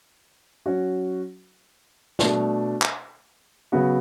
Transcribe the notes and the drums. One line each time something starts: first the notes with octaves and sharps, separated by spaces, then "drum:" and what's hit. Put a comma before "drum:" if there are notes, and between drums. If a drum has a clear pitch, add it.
F#3 C#4 F#4
B2 A3 D4, drum: snare
drum: clap
C#3 F#3 B3 F#4